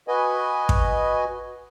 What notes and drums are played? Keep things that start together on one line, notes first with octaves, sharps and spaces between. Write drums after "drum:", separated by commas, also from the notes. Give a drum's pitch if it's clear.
F#4 B4 D#5 G#5
drum: kick